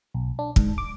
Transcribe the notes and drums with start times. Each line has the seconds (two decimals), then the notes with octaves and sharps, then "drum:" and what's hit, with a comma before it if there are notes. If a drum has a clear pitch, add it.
0.15 B1
0.39 D4
0.56 G#2, drum: kick
0.78 D6